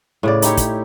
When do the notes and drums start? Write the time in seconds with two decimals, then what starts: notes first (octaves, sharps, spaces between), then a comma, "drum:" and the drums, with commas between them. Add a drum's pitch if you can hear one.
0.23 A2 C#3 D5
0.42 D#4 E4 G4 C#5, drum: hi-hat
0.57 drum: kick, hi-hat